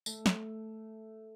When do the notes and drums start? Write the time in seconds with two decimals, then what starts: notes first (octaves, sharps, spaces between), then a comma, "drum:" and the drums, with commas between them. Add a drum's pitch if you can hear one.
0.06 A3, drum: tambourine
0.26 drum: snare